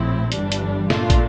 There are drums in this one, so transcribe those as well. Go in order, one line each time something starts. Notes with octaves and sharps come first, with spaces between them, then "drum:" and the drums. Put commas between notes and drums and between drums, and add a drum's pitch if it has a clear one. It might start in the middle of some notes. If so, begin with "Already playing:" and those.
Already playing: A#1 A2 F3 C4 E4
G1 G2 E3 G3 D4, drum: hi-hat
drum: hi-hat
A#2 A3 D4 F4, drum: snare
drum: kick, hi-hat